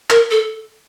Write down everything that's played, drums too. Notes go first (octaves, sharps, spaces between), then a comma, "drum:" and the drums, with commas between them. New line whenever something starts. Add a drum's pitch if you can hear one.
A#4, drum: clap
A4